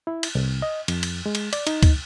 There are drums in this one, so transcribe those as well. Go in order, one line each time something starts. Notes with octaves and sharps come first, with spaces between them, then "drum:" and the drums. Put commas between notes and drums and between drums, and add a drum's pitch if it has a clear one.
E4
drum: cymbal
C2
D#5
F2, drum: cymbal
drum: cymbal
G#3
drum: cymbal
D5, drum: cymbal
D#4, drum: cymbal
drum: kick C#2, cymbal